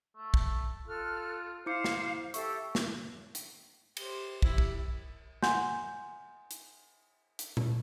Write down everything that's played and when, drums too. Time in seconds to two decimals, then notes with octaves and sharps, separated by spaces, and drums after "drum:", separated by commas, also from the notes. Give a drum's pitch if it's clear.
0.17 A3
0.34 drum: kick
0.87 F4 A4 F6 F#6
1.66 E4 C5 F5 D6 C#7
1.84 drum: snare
2.34 G4 A4 E5 C#6, drum: hi-hat
2.75 drum: snare
3.35 drum: hi-hat
3.97 G4 C5, drum: cymbal
4.42 E4 G4, drum: kick
4.58 drum: kick
5.43 F#5 G#5 C6 G6, drum: snare
6.51 drum: hi-hat
7.39 drum: hi-hat
7.57 drum: tom A#2